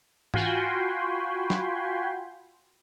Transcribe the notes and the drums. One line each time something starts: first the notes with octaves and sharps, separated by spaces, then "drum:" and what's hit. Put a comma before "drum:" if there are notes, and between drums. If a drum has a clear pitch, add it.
F4 F#4 G5 G#5 B5 C6, drum: tom
drum: snare